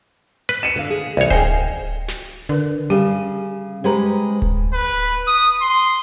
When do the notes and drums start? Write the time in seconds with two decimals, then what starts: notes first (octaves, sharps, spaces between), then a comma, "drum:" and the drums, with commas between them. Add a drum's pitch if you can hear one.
0.49 B4
0.63 C#7 D#7 E7
0.76 D3 F5
0.91 G#4
1.17 C2 E3 B3 C#5
1.30 G#4 C5 D#5 F5 G5 G#5, drum: kick D1
2.08 drum: snare
2.49 D3 A#4 B4
2.90 C#3 G3 G4
3.84 G#3 G4 B4 C5 A#5
4.42 drum: kick D1
4.73 B4
5.27 D#6
5.62 C6